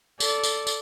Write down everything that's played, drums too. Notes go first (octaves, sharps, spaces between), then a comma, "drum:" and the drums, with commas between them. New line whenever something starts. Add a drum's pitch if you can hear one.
A4 D5, drum: tambourine
drum: tambourine
drum: tambourine